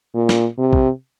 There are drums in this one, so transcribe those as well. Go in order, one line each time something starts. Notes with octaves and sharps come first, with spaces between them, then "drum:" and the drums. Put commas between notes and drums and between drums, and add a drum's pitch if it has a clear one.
A#2
drum: snare
C3
drum: kick A#1